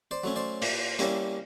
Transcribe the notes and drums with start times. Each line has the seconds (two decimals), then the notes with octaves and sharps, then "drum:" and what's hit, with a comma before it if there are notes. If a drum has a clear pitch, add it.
0.11 C5 D5
0.24 F#3 A3 C#4
0.36 C5 D5
0.62 A#2, drum: open hi-hat
0.99 G3 A#3 C#4 E4, drum: hi-hat